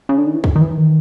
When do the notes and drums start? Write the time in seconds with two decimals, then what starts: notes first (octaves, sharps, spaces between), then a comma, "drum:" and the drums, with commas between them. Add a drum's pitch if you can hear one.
0.09 C#3
0.18 D3
0.27 D#3
0.35 E3
0.44 D#3, drum: kick
0.56 D#3
0.61 E3
0.78 D#3